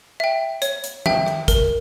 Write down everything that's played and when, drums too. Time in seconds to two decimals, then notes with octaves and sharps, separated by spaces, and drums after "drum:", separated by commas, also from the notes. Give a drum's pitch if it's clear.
0.20 E5 G5
0.62 C#5, drum: hi-hat
0.84 drum: hi-hat
1.06 E5 G5, drum: tom
1.26 drum: rim click
1.48 A#4, drum: kick, hi-hat